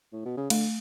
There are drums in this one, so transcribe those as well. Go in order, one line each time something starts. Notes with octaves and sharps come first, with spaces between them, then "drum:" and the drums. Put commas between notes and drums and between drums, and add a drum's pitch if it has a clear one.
A2
B2
C#3
D3 A3, drum: cymbal